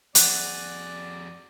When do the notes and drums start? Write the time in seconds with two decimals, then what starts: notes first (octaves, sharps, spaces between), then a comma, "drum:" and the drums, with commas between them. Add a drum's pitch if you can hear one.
0.15 F2 F#4 G#4 D5, drum: hi-hat